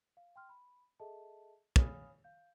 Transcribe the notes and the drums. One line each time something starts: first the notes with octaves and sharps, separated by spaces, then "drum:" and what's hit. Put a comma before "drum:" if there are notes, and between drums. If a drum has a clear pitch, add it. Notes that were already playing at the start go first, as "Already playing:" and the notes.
F5
G5 C6 F6
B5
G#4 A4 D#5 E5 A5
C#5 F5 G#5 B5 D#6 F6, drum: kick
F5 G6